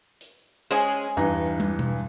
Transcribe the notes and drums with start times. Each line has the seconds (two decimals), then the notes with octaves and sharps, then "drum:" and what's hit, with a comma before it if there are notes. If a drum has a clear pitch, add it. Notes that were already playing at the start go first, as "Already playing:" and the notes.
0.21 drum: hi-hat
0.71 G#3 C#4 G#4 C5 G#5
1.17 E2 G2 D#4
1.60 drum: tom
1.79 drum: tom B2